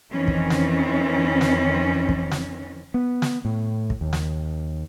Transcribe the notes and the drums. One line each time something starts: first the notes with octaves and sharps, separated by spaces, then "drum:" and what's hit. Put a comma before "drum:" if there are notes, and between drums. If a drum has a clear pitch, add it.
F2 D#3 E3 C4 C#4
drum: kick
drum: snare
drum: snare
drum: kick
drum: snare
B3
drum: snare
A2
drum: kick
D#2
drum: snare